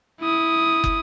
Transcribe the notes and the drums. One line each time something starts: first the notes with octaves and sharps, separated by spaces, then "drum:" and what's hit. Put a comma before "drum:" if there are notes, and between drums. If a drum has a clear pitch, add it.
E4 D#6
drum: kick